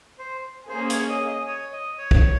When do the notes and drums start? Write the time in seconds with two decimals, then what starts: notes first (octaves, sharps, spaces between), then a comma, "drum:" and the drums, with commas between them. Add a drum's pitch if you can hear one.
0.19 C5
0.69 A#3 C#4 G#4 C5
0.90 C#5, drum: hi-hat
1.09 D#5
1.28 D#5
1.41 D#5
1.47 C#5
1.73 D#5
1.98 C#5
2.11 drum: kick